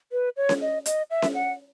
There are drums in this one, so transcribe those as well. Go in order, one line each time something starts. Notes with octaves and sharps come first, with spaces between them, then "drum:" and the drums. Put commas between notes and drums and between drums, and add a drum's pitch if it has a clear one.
B4
C#5
drum: snare C#4
D#5
D#5, drum: hi-hat
E5
drum: snare C#4
F#5